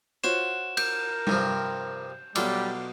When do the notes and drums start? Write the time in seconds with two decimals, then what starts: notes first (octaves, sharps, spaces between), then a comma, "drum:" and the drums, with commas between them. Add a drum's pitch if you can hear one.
0.24 F4 F#4 C5 C#5 E5 E7
0.77 A#4 D6 G6, drum: cymbal
1.27 G2 C3 F3, drum: tom G3
2.36 B2 F#3 G3 D4 F4 A4 E5, drum: cymbal